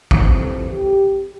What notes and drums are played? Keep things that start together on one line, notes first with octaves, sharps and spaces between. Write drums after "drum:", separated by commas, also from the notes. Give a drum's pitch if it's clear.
F2 E3 G3 C4 B4, drum: kick
A4
G4